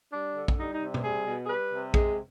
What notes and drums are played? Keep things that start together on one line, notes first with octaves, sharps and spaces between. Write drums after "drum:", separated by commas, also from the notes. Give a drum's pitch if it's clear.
G3 D4
D3
drum: kick A#1
G3 D#4
D#4
C3
drum: tom
G3 G#4
B2
G#4
G3 B4
C3
G#3, drum: kick A#1